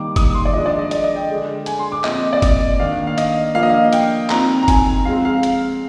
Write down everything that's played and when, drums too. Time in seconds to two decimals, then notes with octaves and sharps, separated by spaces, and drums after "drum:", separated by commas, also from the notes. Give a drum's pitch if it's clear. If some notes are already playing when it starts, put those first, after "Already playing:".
Already playing: D#3 G3 A#3 D#4 D6
0.16 D#6, drum: kick, hi-hat
0.35 C6
0.45 D5
0.53 F3 G#3 D4 D#5
0.66 D5
0.79 D#5
0.91 D5, drum: hi-hat
1.04 D#5
1.16 G5
1.29 D3 G#3 D4
1.66 G#5, drum: hi-hat
1.79 C6
1.92 D6
2.04 A#2 F3 C4 D#5, drum: clap
2.33 D5
2.42 D#5, drum: kick, hi-hat
2.80 D#3 A#3 D4 F5
3.07 F5
3.18 D#5, drum: hi-hat
3.55 F3 A#3 D4 F5
3.63 D#5
3.69 F5
3.93 G5, drum: hi-hat
4.30 F3 C4 D#4 A#5, drum: clap
4.63 A#5
4.68 G#5, drum: kick, hi-hat
5.05 F3 G#3 C4 F5
5.25 F5
5.43 drum: hi-hat